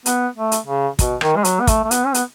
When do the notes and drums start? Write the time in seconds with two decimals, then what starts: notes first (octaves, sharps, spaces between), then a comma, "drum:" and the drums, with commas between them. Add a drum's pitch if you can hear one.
0.06 B3, drum: hi-hat
0.36 A3
0.52 drum: hi-hat
0.66 C#3
0.99 B2, drum: kick, hi-hat
1.21 D#3, drum: rim click
1.36 G#3
1.45 F#3, drum: hi-hat
1.60 B3
1.67 A3, drum: kick, hi-hat
1.84 A3
1.91 B3, drum: hi-hat
2.06 C#4
2.14 B3, drum: hi-hat